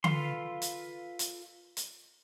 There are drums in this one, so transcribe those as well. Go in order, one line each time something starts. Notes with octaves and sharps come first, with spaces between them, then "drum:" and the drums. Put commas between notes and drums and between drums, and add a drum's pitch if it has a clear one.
F4 A4 B4 F5 C6, drum: tom D3
drum: hi-hat
drum: hi-hat
drum: hi-hat